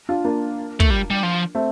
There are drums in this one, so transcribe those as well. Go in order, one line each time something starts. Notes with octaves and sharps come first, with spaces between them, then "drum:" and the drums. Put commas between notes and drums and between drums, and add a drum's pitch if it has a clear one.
D4 F4
A#3 D4
A3, drum: kick
G3
G3
F3
A3 C4